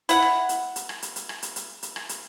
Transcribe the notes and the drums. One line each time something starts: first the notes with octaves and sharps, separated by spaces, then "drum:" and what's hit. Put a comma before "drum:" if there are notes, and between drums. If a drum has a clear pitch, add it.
E4 F#5, drum: hi-hat
drum: rim click
drum: hi-hat
drum: hi-hat
drum: rim click
drum: hi-hat
drum: hi-hat
drum: rim click
drum: hi-hat
drum: hi-hat
drum: hi-hat
drum: rim click
drum: hi-hat